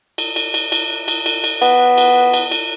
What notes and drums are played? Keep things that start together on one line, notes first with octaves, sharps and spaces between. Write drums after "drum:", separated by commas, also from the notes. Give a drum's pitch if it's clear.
drum: cymbal
drum: cymbal
drum: cymbal
drum: cymbal
drum: cymbal
drum: cymbal
drum: cymbal
B3, drum: cymbal
drum: cymbal
drum: cymbal
drum: cymbal